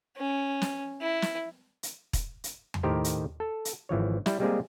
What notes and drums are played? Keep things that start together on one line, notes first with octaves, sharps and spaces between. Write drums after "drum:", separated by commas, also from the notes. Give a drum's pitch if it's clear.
C#4
drum: snare
E4
drum: snare
drum: hi-hat
drum: kick E1, hi-hat
drum: hi-hat
drum: tom E2
A2 D#3 G4 A#4 C5
drum: hi-hat
A4
drum: hi-hat
G#1 E3 F3 C#5
G3 E4, drum: snare
G3 G#3 A#3 C4 G4 G#4